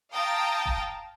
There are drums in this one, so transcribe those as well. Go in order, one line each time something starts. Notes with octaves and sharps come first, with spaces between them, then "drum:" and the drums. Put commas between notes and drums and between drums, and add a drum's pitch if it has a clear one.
F5 G5 A5 A#5 D#6
drum: kick E1